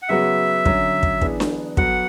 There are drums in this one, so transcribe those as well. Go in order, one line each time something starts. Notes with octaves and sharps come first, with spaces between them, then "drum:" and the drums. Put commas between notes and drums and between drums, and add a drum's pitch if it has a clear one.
F#5
C#3 F#3 B3 F#4 E5
D3 F#3 C#4, drum: kick
drum: kick
E3 B3 D4 G#4, drum: kick
drum: snare D4
F#3 B3 F#4 A4 F#5, drum: kick